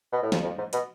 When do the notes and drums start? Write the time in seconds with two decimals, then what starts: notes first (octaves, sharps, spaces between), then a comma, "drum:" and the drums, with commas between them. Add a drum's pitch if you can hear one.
0.13 B2
0.23 A2
0.32 F2, drum: snare
0.43 F2
0.58 G#2
0.73 B2, drum: hi-hat